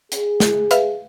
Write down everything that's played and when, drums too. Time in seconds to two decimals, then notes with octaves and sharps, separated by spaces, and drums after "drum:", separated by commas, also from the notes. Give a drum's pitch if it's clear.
0.12 G#4, drum: hi-hat
0.40 drum: snare
0.71 B4 E5 F5, drum: hi-hat